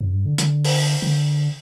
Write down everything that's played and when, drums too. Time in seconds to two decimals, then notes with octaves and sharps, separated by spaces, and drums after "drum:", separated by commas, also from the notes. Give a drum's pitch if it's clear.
0.01 F#2
0.13 G2
0.26 D3
0.38 D3, drum: hi-hat
0.65 drum: open hi-hat
1.02 D3